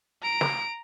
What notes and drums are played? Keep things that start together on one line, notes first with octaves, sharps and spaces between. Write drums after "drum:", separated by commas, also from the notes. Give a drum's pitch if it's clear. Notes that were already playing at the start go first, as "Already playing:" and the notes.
A#5 D7
drum: snare